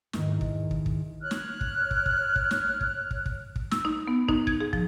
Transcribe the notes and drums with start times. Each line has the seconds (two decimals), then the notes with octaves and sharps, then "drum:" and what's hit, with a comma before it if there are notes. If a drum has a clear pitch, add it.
0.13 E2 G#2 D#3, drum: snare
0.41 drum: kick
0.71 drum: kick
0.86 drum: kick
1.21 C#5 F6 F#6
1.31 drum: snare
1.61 drum: kick
1.91 drum: kick
2.06 drum: kick
2.36 drum: kick
2.51 drum: snare
2.81 drum: kick
3.11 drum: kick
3.26 drum: kick
3.56 drum: kick
3.71 E6, drum: snare
3.85 D#4
4.07 B3
4.29 D#4, drum: kick
4.47 G#6, drum: kick
4.61 G#4
4.73 F3, drum: kick